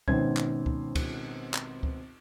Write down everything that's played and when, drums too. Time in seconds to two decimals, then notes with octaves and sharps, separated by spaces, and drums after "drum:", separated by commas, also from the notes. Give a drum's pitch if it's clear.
0.08 G#1 B2 C4 C#4 C5 G#6, drum: kick C#2
0.37 drum: clap
0.66 drum: kick C#2
0.95 drum: kick C#2, cymbal
1.54 drum: clap
1.83 drum: kick C#2